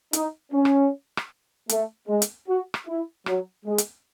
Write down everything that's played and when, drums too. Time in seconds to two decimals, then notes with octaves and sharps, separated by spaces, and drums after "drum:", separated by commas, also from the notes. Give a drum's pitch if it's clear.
0.13 D#4, drum: hi-hat
0.52 C#4
0.65 drum: rim click
1.17 drum: rim click
1.69 A3, drum: hi-hat
2.08 G#3
2.22 drum: hi-hat
2.48 F#4
2.74 drum: rim click
2.87 E4
3.26 F#3, drum: rim click
3.65 G#3
3.78 drum: hi-hat